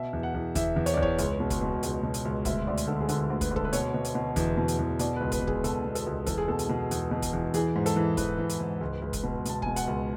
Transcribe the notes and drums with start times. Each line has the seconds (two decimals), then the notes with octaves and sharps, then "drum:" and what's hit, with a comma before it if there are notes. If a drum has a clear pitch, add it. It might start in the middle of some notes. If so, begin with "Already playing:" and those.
Already playing: B2 E5
0.13 E2
0.23 F#5
0.34 E2
0.55 E2 E5, drum: kick, hi-hat
0.76 E2
0.86 C#5, drum: hi-hat
0.94 D5
0.97 E2
1.02 C#5, drum: kick
1.18 C#2, drum: hi-hat
1.40 B2
1.50 drum: kick, hi-hat
1.61 B2
1.83 C#2, drum: hi-hat
2.03 B2
2.14 drum: hi-hat
2.25 C#2
2.45 D2 E5, drum: kick, hi-hat
2.67 D2 D5
2.77 drum: hi-hat
2.87 D3 A4
3.01 G#4
3.09 D3 A4, drum: hi-hat
3.30 D2
3.41 B4, drum: kick, hi-hat
3.51 D2
3.56 A4, drum: kick
3.65 B4
3.73 B2 C#5, drum: hi-hat
3.94 B2
4.04 drum: hi-hat
4.15 B2
4.36 E2, drum: kick, hi-hat
4.57 B2
4.68 drum: hi-hat
4.79 E2
4.99 B2 D5, drum: hi-hat
5.16 C#2 B4
5.32 B4, drum: kick, hi-hat
5.42 B2
5.47 G#4, drum: kick
5.64 B2 A4, drum: hi-hat
5.84 B2
5.95 A4, drum: hi-hat
6.06 C#2
6.26 E2 A4, drum: kick, hi-hat
6.38 G#4
6.48 B2 A4
6.59 drum: hi-hat
6.69 B2
6.91 E2, drum: hi-hat
7.11 B2
7.22 drum: kick, hi-hat
7.33 E2
7.54 E3 G#4, drum: hi-hat
7.75 G#2
7.86 A4, drum: hi-hat
7.96 E3
8.17 E3 B4, drum: kick, hi-hat
8.38 E3
8.49 drum: hi-hat
8.59 G#2
8.81 C#2
9.02 C#2
9.13 drum: kick, hi-hat
9.23 B2
9.45 B2 A5, drum: hi-hat
9.62 B2 G#5, drum: kick
9.76 F#5, drum: hi-hat
9.87 C#2